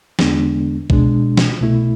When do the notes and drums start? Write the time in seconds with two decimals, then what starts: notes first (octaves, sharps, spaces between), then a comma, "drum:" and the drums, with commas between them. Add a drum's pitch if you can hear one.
0.19 E2 D3 G#3 B3 D4, drum: snare
0.90 B2 G#3 D4, drum: kick B1
1.37 drum: snare
1.61 C2 B2 A3 E4